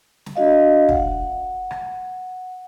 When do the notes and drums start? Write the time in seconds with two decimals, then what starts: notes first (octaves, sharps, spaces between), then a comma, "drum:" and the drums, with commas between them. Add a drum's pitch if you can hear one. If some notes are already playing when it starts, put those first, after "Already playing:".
0.26 drum: snare
0.36 D4 F#4 D#5 F5
0.89 F#5, drum: kick
1.71 drum: rim click